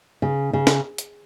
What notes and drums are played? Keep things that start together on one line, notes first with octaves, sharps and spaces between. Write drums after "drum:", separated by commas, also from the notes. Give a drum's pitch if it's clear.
C#3
C#3
drum: snare
drum: hi-hat